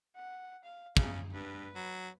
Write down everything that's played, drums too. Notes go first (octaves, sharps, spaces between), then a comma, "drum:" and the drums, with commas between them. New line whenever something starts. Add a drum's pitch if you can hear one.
F#5
F5
C#3 G#4, drum: kick
G2 B4
F#3